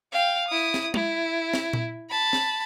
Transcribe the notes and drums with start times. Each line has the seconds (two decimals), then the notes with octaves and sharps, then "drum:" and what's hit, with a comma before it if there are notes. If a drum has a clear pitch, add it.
0.13 F5 G5
0.47 E4 D#6
0.74 drum: snare
0.94 E4, drum: tom G#3
1.54 drum: snare
1.73 drum: tom A#2
2.10 A5 B5
2.33 drum: snare